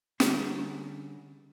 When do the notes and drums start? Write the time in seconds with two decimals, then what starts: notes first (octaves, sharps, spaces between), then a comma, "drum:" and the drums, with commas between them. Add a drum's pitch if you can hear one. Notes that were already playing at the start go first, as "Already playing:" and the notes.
0.20 D3 G3 C#4 D#4 G#4, drum: snare